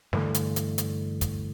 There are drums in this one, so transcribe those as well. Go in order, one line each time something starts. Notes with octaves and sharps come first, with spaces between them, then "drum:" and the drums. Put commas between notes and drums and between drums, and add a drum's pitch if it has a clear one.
G2 D3 E3 A3, drum: snare
drum: hi-hat
drum: hi-hat
drum: hi-hat
drum: kick, hi-hat